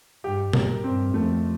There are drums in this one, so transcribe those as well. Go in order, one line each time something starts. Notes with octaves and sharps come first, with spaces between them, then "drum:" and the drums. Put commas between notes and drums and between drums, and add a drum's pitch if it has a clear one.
G2 G4
G2 A#4, drum: tom A#2
G2 C4
F2 A3